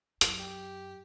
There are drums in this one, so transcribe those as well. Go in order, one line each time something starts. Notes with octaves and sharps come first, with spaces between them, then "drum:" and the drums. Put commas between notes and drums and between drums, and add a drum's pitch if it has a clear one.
F#2, drum: hi-hat
G4